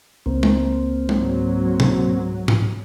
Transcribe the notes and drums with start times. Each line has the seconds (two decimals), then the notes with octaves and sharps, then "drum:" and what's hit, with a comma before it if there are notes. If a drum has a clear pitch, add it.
0.26 C#2 A#3 C4
0.43 drum: tom G#3
1.09 G#2 F#3, drum: tom G#3
1.80 drum: tom
2.48 drum: tom G#2